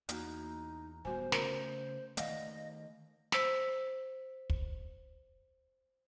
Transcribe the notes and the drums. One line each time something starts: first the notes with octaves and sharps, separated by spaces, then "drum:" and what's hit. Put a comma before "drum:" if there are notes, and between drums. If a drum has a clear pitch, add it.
E2 A#3 D#4 F#4, drum: hi-hat
D1 G3 B3 F#4 C5 G#5
C#3 A3 C#4 A#4 A#5, drum: snare
D#3 A3 D5 D#5 F5 F#5, drum: hi-hat
C5 E6 B6, drum: snare
drum: kick